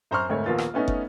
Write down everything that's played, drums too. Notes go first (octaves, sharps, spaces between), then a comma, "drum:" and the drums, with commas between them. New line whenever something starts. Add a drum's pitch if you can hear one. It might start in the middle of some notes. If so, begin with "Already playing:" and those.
F#2 C5 A#5 C6 C#6 F6
D2 G#2 A3 A#4 C#5
A#1 D#2 A#3 B3 F4 A6
drum: rim click
A3 B3 C#4 D#4
drum: kick